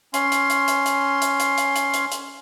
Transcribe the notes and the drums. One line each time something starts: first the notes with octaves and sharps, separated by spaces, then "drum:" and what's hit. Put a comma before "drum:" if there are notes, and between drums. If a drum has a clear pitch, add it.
C#4 C6, drum: hi-hat
drum: hi-hat
drum: hi-hat
drum: hi-hat
drum: hi-hat
drum: hi-hat
drum: hi-hat
drum: hi-hat
drum: hi-hat
drum: hi-hat
drum: hi-hat